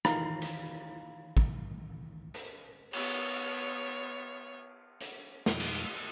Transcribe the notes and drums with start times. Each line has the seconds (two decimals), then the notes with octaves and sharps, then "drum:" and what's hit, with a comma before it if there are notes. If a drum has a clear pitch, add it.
0.05 D#3 E3 F5 A#5, drum: rim click
0.42 drum: hi-hat
1.37 drum: kick
2.34 drum: hi-hat
2.93 B3 C#5, drum: cymbal
5.01 drum: hi-hat
5.46 F2 B2 F3 G3 G#3 D#4, drum: snare
5.60 drum: cymbal